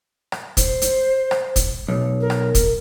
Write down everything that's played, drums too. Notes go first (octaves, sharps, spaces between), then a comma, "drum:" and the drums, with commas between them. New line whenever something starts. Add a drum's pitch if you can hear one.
drum: rim click
C5, drum: kick, hi-hat
drum: hi-hat
drum: rim click
drum: kick, hi-hat
B1
A#4
drum: rim click
drum: kick, hi-hat